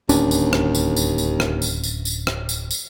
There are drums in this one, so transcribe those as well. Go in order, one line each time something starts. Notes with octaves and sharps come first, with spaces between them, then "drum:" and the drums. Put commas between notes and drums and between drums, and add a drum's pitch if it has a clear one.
D1 D#2 C#4 D4, drum: tambourine
drum: tambourine
drum: rim click
drum: tambourine
drum: tambourine
drum: tambourine
drum: rim click
drum: tambourine
drum: tambourine
drum: tambourine
drum: rim click
drum: tambourine
drum: tambourine